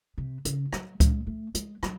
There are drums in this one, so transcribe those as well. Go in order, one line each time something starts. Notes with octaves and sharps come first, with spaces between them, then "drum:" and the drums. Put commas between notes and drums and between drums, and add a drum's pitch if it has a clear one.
C3
C#3, drum: hi-hat
F#3, drum: rim click
G#3, drum: kick C#2, hi-hat
A3
G#3, drum: hi-hat
F#3, drum: rim click